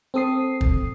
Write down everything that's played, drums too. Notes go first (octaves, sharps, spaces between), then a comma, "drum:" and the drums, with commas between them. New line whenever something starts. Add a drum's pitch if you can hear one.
C4 A4 D#6 C7
drum: kick